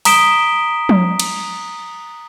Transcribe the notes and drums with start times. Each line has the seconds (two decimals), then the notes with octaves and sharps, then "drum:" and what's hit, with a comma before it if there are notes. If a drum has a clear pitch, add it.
0.05 A#5 D#6 B6 D7 E7 G7, drum: open hi-hat
0.89 drum: tom F3
1.20 drum: cymbal